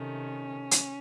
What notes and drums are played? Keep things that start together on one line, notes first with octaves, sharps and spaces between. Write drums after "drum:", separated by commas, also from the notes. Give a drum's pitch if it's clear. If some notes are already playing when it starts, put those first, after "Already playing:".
Already playing: C3 D#3 A3 C#4
drum: hi-hat